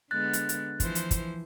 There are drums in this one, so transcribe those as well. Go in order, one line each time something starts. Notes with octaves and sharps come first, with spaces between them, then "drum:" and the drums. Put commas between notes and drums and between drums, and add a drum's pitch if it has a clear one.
D3 G#3 B3 F#6 A6
drum: hi-hat
drum: hi-hat
E3 F3 C5, drum: kick, hi-hat
drum: hi-hat
drum: kick, hi-hat